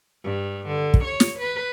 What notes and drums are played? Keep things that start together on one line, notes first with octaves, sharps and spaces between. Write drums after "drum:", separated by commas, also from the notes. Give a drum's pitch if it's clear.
G2
D3
drum: kick
C#5
drum: snare
B4